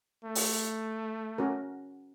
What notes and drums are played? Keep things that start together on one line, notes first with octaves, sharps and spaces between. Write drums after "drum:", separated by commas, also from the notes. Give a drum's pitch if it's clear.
A3
drum: open hi-hat
C#4 F#4 A#4